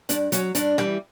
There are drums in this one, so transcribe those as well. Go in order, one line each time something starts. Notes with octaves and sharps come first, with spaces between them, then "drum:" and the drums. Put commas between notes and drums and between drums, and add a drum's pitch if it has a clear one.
G2 D4, drum: hi-hat
F#3 C#4, drum: hi-hat
G2 D4, drum: hi-hat
E3 G3, drum: rim click